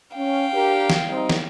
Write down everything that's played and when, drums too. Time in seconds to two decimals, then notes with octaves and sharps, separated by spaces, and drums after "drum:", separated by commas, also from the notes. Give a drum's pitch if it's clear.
0.16 C#4 F5 G5
0.53 D4 G4 A#4
0.90 drum: snare
1.10 G3 C4 D#4
1.29 drum: snare